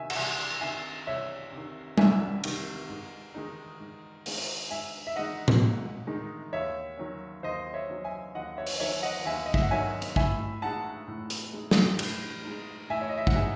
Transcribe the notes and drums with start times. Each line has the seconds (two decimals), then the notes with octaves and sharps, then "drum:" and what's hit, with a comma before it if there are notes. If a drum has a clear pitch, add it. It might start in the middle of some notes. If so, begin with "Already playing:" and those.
Already playing: C3 D#3 E5 G#5
0.10 F#5, drum: cymbal
0.16 C2 E5 G#5
0.61 C3 D#3 E5 G#5
1.07 C2 C#5 E5
1.52 C3
1.57 D#3
1.98 C2 E5 G#5, drum: tom G3
2.44 C3 D#3, drum: cymbal
2.89 G#2
3.34 D#3 G#3 D#4
3.80 G#2
4.26 D#3 G#3 D#4, drum: open hi-hat
4.71 G#2 E5 G#5
5.07 E5
5.16 D#3 G#3 D#4 D#5 F#5
5.48 drum: tom A2
5.62 G#2
6.07 D#3 G#3 D#4
6.53 D#2 C#5 E5
6.98 D#3 F#3 C#4
7.43 D#2 C5 D#5
7.74 C#5 E5
7.89 D#3 F#3 C#4
8.04 E5 G#5
8.35 D#2 D#5 F#5
8.57 C#5 E5
8.67 drum: open hi-hat
8.80 D#3 F#3 C#4 C#5 E5
9.02 D#5 F#5
9.25 D#2 E5 G#5
9.46 D#5
9.54 E5, drum: kick
9.62 F#5
9.71 D#3 F#3 C#4 E5 G#5
10.02 drum: hi-hat
10.16 A2 E5 G#5, drum: kick
10.62 G#3 D#4 F#5 A5
11.08 A2
11.30 drum: hi-hat
11.53 G#3 D#4
11.71 drum: snare
11.99 A2, drum: cymbal
12.44 G#3 D#4
12.90 A2 E5 G#5
13.01 C#5
13.09 D#5
13.18 E5
13.27 F#5, drum: kick
13.35 G#3 D#4 E5 G#5